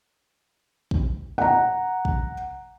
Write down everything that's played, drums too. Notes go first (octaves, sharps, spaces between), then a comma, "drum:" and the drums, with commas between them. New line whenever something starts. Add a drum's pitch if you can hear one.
drum: kick
F#5 A#5
drum: kick